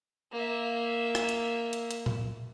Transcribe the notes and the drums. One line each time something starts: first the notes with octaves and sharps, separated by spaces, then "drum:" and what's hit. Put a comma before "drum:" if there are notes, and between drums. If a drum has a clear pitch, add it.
A#3 E5
drum: rim click
drum: hi-hat
drum: hi-hat
drum: hi-hat
drum: tom A#2